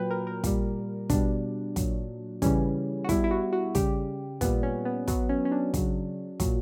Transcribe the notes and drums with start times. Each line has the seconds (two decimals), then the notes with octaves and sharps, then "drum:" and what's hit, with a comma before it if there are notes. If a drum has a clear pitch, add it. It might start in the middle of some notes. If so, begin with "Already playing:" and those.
Already playing: A#2 F#3 B4 G5
0.11 A#4
0.27 A#4
0.44 A#2 G3, drum: kick, hi-hat
1.10 B2 G3 D4, drum: kick, hi-hat
1.76 A#2 F#3, drum: kick, hi-hat
2.42 C#3 E3 G3 C#4, drum: kick, hi-hat
3.04 F#4
3.09 B2 G3 E4, drum: kick, hi-hat
3.24 E4
3.31 F#4
3.53 F#4
3.75 C#3 G3 G4, drum: kick, hi-hat
4.41 A#2 G3 B3, drum: kick, hi-hat
4.63 C#4
4.85 B3
5.08 B2 F#3 B3, drum: kick, hi-hat
5.29 C#4
5.45 C#4
5.52 D4
5.74 C#3 F#3, drum: kick, hi-hat
6.40 A#2 F#3, drum: kick, hi-hat